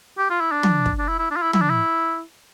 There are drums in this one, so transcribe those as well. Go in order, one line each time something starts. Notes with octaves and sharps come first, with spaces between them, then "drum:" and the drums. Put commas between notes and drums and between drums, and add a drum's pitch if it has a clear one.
G4
F4
E4
D4
drum: tom
drum: kick
D4
E4
E4
D4
F4
E4
E4, drum: tom
D4
E4